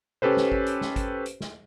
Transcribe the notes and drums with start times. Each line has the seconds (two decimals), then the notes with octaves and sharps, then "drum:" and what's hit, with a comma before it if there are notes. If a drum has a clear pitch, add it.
0.22 C#4 G4 A4 B4 C5, drum: tom C3
0.37 drum: snare
0.52 drum: kick G#1
0.66 drum: hi-hat
0.81 drum: snare
0.96 drum: kick G#1, hi-hat
1.26 drum: hi-hat
1.41 drum: snare